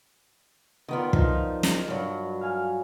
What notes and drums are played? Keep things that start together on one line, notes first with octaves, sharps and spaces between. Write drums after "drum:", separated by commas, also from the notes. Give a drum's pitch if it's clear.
D#3 B3 F4 A#4 D5 D#5
F3 D#4 F4, drum: kick
drum: snare
G2 F#3
F5 G#5 F6